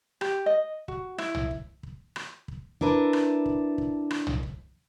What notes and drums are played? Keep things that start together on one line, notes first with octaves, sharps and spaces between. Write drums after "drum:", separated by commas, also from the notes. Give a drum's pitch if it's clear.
G4, drum: rim click
D#5
F#4, drum: kick
E4, drum: rim click
drum: tom
drum: kick
drum: kick
drum: rim click
drum: kick
D4 E4 A#4 B4, drum: kick
drum: rim click
drum: kick
drum: kick
drum: rim click
drum: tom
drum: kick